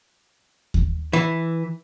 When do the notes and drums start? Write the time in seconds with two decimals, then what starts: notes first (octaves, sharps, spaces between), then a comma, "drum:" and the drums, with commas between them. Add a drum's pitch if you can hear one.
0.74 drum: kick D#2
1.13 E3